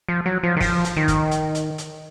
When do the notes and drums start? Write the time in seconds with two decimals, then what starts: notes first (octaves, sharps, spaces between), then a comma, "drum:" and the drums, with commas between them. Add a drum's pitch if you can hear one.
0.09 F3
0.26 F#3
0.43 F3
0.57 D#3
0.60 F3, drum: kick, open hi-hat
0.84 drum: hi-hat
0.97 D#3
1.08 drum: kick, hi-hat
1.31 drum: hi-hat
1.55 drum: hi-hat
1.78 drum: hi-hat